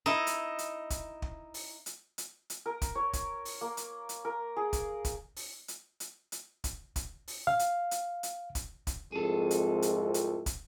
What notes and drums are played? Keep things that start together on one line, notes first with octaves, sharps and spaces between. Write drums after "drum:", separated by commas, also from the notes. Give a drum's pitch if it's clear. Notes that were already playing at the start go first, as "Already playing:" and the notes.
D#4 E4
drum: hi-hat
drum: hi-hat
drum: kick, hi-hat
drum: kick
drum: open hi-hat
drum: hi-hat
drum: hi-hat
drum: hi-hat
A#4
drum: kick, hi-hat
C#5
drum: kick, hi-hat
drum: open hi-hat
A#3
drum: hi-hat
drum: hi-hat
A#4
G#4
drum: kick, hi-hat
drum: kick, hi-hat
drum: open hi-hat
drum: hi-hat
drum: hi-hat
drum: hi-hat
drum: kick, hi-hat
drum: kick, hi-hat
drum: open hi-hat
F5
drum: hi-hat
drum: hi-hat
drum: hi-hat
drum: kick, hi-hat
drum: kick, hi-hat
C2 F2 G#2 G#4 A4
drum: hi-hat
drum: hi-hat
drum: hi-hat
drum: kick, hi-hat